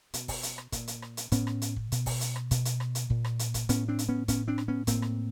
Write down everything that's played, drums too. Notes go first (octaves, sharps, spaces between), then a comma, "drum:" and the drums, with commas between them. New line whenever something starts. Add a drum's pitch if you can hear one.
B2, drum: hi-hat
drum: kick, open hi-hat
drum: hi-hat
drum: rim click
A#2, drum: kick, hi-hat
drum: hi-hat
drum: rim click
drum: hi-hat
A2 B3 C#4, drum: kick, hi-hat
drum: rim click
drum: hi-hat
drum: kick
B2, drum: hi-hat
drum: kick, open hi-hat
drum: hi-hat
drum: rim click
B2, drum: kick, hi-hat
drum: hi-hat
drum: rim click
drum: hi-hat
A#2, drum: kick
drum: rim click
drum: hi-hat
drum: kick, hi-hat
A2 B3 C#4, drum: hi-hat
C4 D4
drum: hi-hat
B3 C#4
A2 B3 C#4, drum: kick, hi-hat
C4 D4
drum: rim click
B3 C#4
A2 A#3 C4, drum: kick, hi-hat
drum: rim click